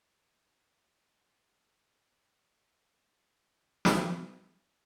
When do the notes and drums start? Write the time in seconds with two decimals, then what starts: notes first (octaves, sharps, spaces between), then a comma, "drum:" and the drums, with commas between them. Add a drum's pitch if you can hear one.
0.19 D#2 D3 E3 A3
0.59 G2 G5
0.96 G4 A4 E6
1.53 D#3 F3 F#3 C#4
2.29 B2 F3 F#3 G#3 C4
2.61 A#2 F#3
3.85 drum: snare